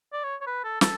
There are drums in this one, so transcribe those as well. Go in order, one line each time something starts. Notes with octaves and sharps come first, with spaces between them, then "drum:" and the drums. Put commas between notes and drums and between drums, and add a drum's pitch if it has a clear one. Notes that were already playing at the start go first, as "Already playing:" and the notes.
D5
C#5
C#5
B4
A4
A4, drum: snare